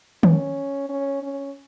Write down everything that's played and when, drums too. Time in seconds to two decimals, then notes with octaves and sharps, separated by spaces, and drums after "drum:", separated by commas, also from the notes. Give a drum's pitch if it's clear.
0.23 C#4, drum: tom D#3
0.89 C#4
1.22 C#4